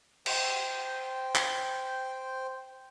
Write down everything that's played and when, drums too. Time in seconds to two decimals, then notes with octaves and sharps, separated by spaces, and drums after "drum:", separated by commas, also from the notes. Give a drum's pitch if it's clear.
0.26 C5 G5, drum: cymbal
1.36 drum: clap